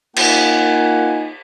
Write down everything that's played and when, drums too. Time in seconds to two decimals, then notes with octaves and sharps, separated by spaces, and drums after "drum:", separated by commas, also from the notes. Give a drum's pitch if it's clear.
0.16 A#3 D#4 F4 F#5 G#5, drum: cymbal